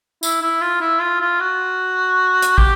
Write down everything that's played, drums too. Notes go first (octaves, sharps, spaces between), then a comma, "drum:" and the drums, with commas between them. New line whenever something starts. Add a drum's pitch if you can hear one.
E4, drum: tambourine
E4
F4
E4
F4
F4
F#4
drum: hi-hat
G4, drum: kick